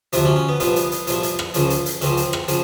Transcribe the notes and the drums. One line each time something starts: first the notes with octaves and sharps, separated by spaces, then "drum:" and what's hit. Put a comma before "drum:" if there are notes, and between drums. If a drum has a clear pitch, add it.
D2 C3 F3 D4, drum: hi-hat
C#4
C#4
B3
C2 A#2 F3 B3, drum: hi-hat
drum: hi-hat
drum: hi-hat
C2 A#2 F3, drum: hi-hat
drum: hi-hat
drum: rim click
C#2 C#3 F3, drum: hi-hat
drum: hi-hat
drum: hi-hat
C#2 C#3 F3 C4, drum: hi-hat
drum: hi-hat
drum: rim click
C#3 F3, drum: hi-hat